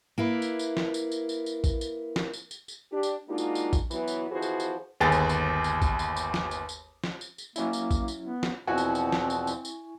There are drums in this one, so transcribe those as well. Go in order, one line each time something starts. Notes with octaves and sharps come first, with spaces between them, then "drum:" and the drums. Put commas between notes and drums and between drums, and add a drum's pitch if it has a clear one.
A#3 E4 B4
drum: tambourine
drum: tambourine
drum: snare
drum: tambourine
drum: tambourine
drum: tambourine
drum: tambourine
drum: kick A#1, tambourine
drum: tambourine
drum: snare
drum: tambourine
drum: tambourine
drum: tambourine
D4 G4
drum: tambourine
G#3 A#3 D4 D#4 F4 F#4
drum: tambourine
drum: tambourine
drum: kick A#1, tambourine
E3 F#3 B3, drum: tambourine
drum: tambourine
F2 E3 F3 F#4 G#4 C5
drum: tambourine
drum: tambourine
G1 D#2 G#4 A6
drum: tambourine
drum: tambourine
drum: tambourine
drum: kick A#1, tambourine
drum: tambourine
drum: tambourine
drum: snare
drum: tambourine
drum: tambourine
drum: snare
drum: tambourine
drum: tambourine
F#3 A#3 C#4 E4, drum: tambourine
drum: tambourine
drum: kick A#1, tambourine
drum: tambourine
B3
drum: snare
E2 B2 F3 C4 E4 F#4 G#5 C#6
drum: tambourine
drum: tambourine
drum: snare
drum: tambourine
drum: tambourine
drum: tambourine